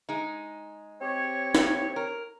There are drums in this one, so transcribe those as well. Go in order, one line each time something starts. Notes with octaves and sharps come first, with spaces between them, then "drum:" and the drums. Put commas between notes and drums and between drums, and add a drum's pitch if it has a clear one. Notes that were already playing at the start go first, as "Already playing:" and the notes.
G#3 D#4
C4 G4 C#5
drum: snare
A#4